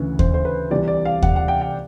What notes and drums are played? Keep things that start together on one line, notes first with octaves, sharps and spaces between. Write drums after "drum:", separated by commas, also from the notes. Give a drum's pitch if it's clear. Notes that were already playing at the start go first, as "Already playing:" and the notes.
Already playing: D2 C#3 E3 B4
C5, drum: kick D#2
C5
B4
C2 C3 E3 D5
D5
F5
F#5, drum: kick D#2
F#5
G5
G5